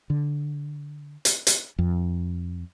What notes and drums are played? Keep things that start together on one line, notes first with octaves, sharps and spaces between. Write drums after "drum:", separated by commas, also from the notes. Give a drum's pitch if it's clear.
D3
drum: hi-hat
drum: hi-hat
F2